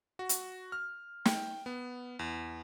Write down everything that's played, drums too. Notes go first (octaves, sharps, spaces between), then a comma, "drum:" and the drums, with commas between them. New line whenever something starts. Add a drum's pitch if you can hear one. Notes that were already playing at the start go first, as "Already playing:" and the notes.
F#4
drum: hi-hat
F6
G5, drum: snare
B3
E2